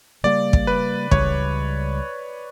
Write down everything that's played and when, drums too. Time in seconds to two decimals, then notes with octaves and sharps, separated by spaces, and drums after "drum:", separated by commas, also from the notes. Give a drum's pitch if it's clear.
0.23 C#3 G3 A#3 D5
0.53 drum: kick
0.67 B4
1.11 C#2 C#3 E3 G3 C#5, drum: kick